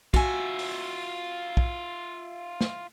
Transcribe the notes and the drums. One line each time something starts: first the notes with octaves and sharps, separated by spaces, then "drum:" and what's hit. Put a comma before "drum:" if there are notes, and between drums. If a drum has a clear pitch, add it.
F4 F#4 E5 G#5, drum: kick
drum: open hi-hat
drum: kick
drum: snare